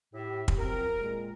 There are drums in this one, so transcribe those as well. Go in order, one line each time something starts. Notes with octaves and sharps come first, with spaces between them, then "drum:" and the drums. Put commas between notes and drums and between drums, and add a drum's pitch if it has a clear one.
A2 G4 E5
drum: kick
F3 F#3 C4 A#4
A#2 G#3